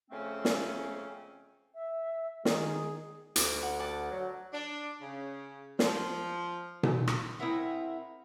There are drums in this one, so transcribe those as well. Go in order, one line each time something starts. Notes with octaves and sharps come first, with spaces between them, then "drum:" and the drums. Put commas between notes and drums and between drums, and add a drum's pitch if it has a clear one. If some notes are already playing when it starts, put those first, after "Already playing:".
F2 C#3 A3 C4 C#4
drum: snare
E5
D#3 G#3 G#4, drum: snare
D2 D6, drum: hi-hat
F#5
D5 F#5 A5
F#3
D4
C#3
F3, drum: snare
drum: tom B2
drum: rim click
C4 E4 G#4 A#4 E5 F#5